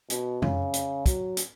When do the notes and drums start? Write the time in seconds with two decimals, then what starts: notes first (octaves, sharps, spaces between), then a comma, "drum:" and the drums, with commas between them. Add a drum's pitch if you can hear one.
0.10 B2, drum: hi-hat
0.42 C#3, drum: tom
0.74 drum: hi-hat
1.06 F#3, drum: kick, hi-hat
1.37 drum: hi-hat